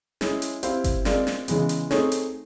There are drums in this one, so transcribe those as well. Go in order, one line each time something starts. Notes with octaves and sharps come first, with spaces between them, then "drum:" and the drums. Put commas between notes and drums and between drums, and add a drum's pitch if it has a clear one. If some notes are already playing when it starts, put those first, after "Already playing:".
G#3 C#4 E4 G#4, drum: snare
drum: hi-hat
C4 E4 G4 C5 F5, drum: hi-hat
drum: kick G1, hi-hat
G#3 C4 F4 A#4 D5, drum: snare
drum: snare
C#3 E3 G#3 B3, drum: hi-hat
drum: hi-hat
A3 C4 D#4 G#4 C#5, drum: snare
drum: hi-hat